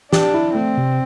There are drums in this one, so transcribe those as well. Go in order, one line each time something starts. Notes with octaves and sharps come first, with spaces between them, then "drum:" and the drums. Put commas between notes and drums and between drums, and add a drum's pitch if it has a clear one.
D4 G4, drum: snare
E4
A3 C4
C3